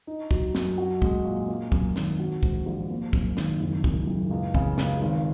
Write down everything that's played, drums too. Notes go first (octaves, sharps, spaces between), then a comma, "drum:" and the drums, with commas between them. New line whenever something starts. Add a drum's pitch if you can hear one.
D#4
F#3, drum: kick
F#2, drum: snare
F#4
G#3, drum: kick
A#2
A#3
F#2, drum: kick
G#1, drum: snare
F#4
G#2, drum: kick
A#1
A#3
F#2, drum: kick
G#1, drum: snare
F#1
F#2, drum: kick
F#1
C#2
C#3, drum: kick
C#2, drum: snare
G#1